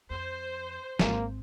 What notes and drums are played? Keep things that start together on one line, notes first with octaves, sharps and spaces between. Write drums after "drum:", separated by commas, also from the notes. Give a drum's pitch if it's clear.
F2 C5
G#1 G#3 A#3, drum: snare